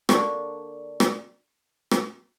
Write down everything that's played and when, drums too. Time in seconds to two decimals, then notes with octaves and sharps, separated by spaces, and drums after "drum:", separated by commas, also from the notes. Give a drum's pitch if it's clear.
0.09 D3 A#3 D4 C#6, drum: rim click
1.00 drum: rim click
1.91 drum: rim click